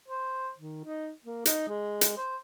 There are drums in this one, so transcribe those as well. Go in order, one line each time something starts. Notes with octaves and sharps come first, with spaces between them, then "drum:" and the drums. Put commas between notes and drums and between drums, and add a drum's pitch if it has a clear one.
C5
D#3
D#4
A#3
D#4, drum: hi-hat
G#3
drum: hi-hat
C5